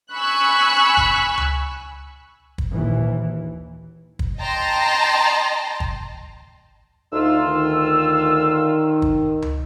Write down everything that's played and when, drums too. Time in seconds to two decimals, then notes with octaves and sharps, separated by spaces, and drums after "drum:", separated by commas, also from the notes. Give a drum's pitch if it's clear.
0.13 G#5 B5 C#6 E6 F#6
0.97 drum: kick
1.38 drum: tom C#2
2.58 drum: kick
2.73 A#1 D#2 E3
4.19 drum: kick
4.39 D#5 G5 A5 A#5 C6
5.80 drum: kick
7.13 D2 D#4 F4 E6
7.45 D#3
9.02 drum: kick
9.42 drum: tom C#2